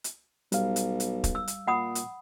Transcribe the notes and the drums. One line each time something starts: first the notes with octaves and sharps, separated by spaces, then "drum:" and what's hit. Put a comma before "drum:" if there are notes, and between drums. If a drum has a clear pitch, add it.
drum: hi-hat
B1 G3 F5, drum: hi-hat
drum: hi-hat
drum: hi-hat
drum: kick, hi-hat
E6
drum: hi-hat
A#2 F#5 B5 D#6
drum: hi-hat